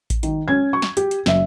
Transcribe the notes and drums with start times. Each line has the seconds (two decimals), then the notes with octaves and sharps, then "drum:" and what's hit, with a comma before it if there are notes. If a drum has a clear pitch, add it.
0.10 drum: kick A1, hi-hat
0.23 D#3, drum: hi-hat
0.48 C#4 G#6
0.73 C#6
0.82 drum: snare
0.97 G4, drum: hi-hat
1.11 drum: hi-hat
1.26 F#1 E5, drum: snare